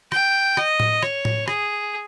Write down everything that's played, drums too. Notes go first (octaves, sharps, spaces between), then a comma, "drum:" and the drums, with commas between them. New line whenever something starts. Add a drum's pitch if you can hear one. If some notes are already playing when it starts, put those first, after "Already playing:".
G5, drum: rim click
D#5, drum: rim click
drum: tom A2
C#5, drum: rim click
drum: tom A2
G#4, drum: rim click